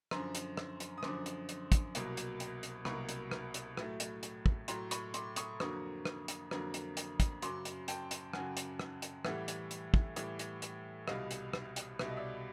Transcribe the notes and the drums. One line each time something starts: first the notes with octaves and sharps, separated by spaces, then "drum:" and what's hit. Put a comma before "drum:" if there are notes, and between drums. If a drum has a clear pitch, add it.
F#2 D3 F3 A#5 C6, drum: rim click
drum: hi-hat
drum: rim click
drum: hi-hat
D#6
F#2 D3 F3 C6 D6, drum: rim click
drum: hi-hat
drum: hi-hat
drum: kick, hi-hat
C2 B2 F#3 A#3, drum: hi-hat
drum: hi-hat
drum: hi-hat
drum: hi-hat
C2 B2 F#3 A#3 B5 C#6, drum: rim click
drum: hi-hat
drum: rim click
drum: hi-hat
A2 F#3 A3, drum: rim click
drum: hi-hat
drum: hi-hat
drum: kick
A2 F#3 A3 A#5 C6, drum: hi-hat
B5 C#6, drum: hi-hat
C6 D6, drum: hi-hat
C#6 D#6, drum: hi-hat
F2 D3 F#3 A#3 C#6 D#6, drum: rim click
drum: rim click
drum: hi-hat
F2 D3 F#3 A#3, drum: rim click
drum: hi-hat
drum: hi-hat
drum: kick, hi-hat
F#2 C#3 F#3 C6 D6, drum: hi-hat
drum: hi-hat
G5 A5, drum: hi-hat
drum: hi-hat
F#2 C#3 F#3 F#5 G#5, drum: rim click
drum: hi-hat
drum: rim click
drum: hi-hat
A2 E3 G3 E5 F#5, drum: rim click
drum: hi-hat
drum: hi-hat
drum: kick
A2 E3 G3, drum: hi-hat
drum: hi-hat
drum: hi-hat
C2 B2 G3 D#5 F5, drum: rim click
drum: hi-hat
drum: rim click
drum: hi-hat
C2 B2 G3 E5, drum: rim click
D#5
D5 E5